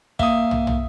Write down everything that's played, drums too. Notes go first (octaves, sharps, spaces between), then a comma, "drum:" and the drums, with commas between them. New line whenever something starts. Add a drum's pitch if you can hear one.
A#3 E5 D#6, drum: kick
drum: tom
drum: tom